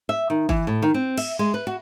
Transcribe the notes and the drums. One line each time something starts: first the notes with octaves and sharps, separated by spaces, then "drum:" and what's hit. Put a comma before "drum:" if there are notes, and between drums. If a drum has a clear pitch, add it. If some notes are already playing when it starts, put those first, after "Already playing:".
E5
D#3
E3, drum: kick
A2
D#3
C4
E5, drum: cymbal
G#3
B4
F#4